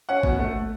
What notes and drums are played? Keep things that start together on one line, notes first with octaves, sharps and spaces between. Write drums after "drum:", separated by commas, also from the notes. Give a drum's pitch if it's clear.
C#4 F#5
B2, drum: kick
A3